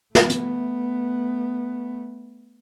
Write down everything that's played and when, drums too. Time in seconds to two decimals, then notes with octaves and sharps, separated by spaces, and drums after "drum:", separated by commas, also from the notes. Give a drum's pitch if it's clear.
0.15 A3 B3, drum: snare
0.30 drum: hi-hat